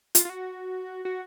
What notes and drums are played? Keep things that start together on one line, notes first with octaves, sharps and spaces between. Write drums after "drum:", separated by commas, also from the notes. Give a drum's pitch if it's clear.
F4, drum: hi-hat
F4
F#4
F#4